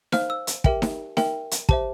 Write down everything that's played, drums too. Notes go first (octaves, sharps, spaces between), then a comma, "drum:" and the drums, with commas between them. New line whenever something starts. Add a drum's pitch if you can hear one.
C5 F5 F6, drum: snare D#4
E6
drum: hi-hat
G4 A#4 E5 G5, drum: kick
drum: snare D#4
A#4 E5 G5, drum: snare D#4
drum: hi-hat
G4 C5 E5 A5, drum: kick